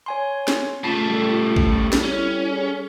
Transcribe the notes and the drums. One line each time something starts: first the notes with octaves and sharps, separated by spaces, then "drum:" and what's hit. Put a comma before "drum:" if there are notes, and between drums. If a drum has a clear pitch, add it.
C#5 G#5 C6
drum: snare
C#3 A3 F4 A5
G3 A4
drum: kick G#1
drum: snare
C#4 E4
G#4